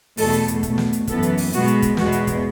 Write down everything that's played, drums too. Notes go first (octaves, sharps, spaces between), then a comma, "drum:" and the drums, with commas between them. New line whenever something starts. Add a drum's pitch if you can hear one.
E2 B2 A3 A4, drum: open hi-hat
drum: hi-hat
drum: hi-hat
B2 A3, drum: kick, hi-hat
drum: snare
drum: hi-hat
F#2 E3 B3 A4, drum: kick, hi-hat
drum: hi-hat
drum: open hi-hat
B2 G#3 B3 F#4, drum: hi-hat
drum: hi-hat
drum: kick, hi-hat
E2 B2 G#3 B3 F#4, drum: snare
drum: hi-hat
drum: kick, hi-hat